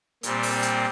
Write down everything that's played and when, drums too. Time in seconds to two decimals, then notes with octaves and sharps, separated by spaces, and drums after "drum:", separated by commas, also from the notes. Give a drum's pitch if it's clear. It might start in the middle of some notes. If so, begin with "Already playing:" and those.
0.23 A#2 G3 C4, drum: hi-hat
0.43 drum: open hi-hat
0.62 drum: hi-hat